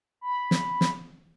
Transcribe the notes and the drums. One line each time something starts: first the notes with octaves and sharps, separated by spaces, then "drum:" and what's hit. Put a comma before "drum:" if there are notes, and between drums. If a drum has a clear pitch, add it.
B5
drum: snare
drum: snare